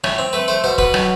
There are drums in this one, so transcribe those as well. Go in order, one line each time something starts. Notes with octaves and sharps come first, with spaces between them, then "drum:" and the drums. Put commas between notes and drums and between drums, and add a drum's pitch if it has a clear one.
A2 C#5, drum: rim click
C4
A3 B4
A3 C5
B2 C5
B2 B4, drum: kick
F#3, drum: rim click